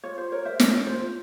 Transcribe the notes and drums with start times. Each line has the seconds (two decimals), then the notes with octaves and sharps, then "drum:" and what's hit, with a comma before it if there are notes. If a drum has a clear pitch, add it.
0.04 F4 C#5
0.18 C5
0.32 A#4 C#5
0.45 C5 E5
0.60 A#4 C#5, drum: snare
0.87 F4 C5